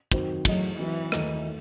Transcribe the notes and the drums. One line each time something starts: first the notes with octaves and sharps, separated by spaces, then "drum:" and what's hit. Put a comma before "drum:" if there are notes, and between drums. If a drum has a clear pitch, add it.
D#3 F#3 C4 F#4 C5, drum: kick
E3 F#3 A3 D#4 G#4 D#5, drum: kick, cymbal
E3 F#3 C4 F#4
D#2 D#3 A3 D#4, drum: rim click
A3